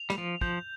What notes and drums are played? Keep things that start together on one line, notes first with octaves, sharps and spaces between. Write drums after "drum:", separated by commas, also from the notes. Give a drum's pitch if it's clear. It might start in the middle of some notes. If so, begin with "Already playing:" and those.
Already playing: F7
G3, drum: snare
F3
F3 G6, drum: kick